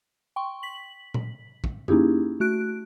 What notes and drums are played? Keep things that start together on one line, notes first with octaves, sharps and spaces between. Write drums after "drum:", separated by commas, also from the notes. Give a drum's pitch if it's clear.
G5 C6 C#6
B6 F#7
drum: tom A#2
drum: kick
A#3 C#4 D#4 E4 G4 G#4, drum: tom F#2
A3 F#4 F#6 D7